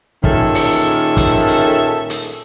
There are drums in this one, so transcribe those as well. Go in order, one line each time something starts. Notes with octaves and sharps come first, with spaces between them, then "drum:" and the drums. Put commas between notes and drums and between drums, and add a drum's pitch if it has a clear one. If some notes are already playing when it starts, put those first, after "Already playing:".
A#2 D#3 C#4 G#4 A4 E5, drum: kick
drum: open hi-hat
drum: kick, hi-hat
drum: hi-hat
drum: hi-hat